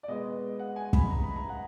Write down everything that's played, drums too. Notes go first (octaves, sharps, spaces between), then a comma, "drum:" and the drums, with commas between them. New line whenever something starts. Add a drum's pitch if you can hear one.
D5
B2 G#3 B3 D#5
F#5
G#5
B5, drum: kick
A#5
B5
A#5
F#5